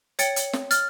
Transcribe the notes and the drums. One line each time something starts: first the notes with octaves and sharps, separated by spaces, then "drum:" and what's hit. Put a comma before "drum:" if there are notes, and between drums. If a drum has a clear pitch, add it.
C#5 G5 A6 C#7, drum: hi-hat
drum: hi-hat
drum: snare
F6 A6, drum: hi-hat